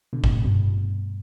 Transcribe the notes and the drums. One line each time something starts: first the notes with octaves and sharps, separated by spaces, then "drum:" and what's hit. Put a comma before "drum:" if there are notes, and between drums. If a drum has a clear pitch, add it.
B2 D3
A2 C3, drum: kick
A2
G2 B2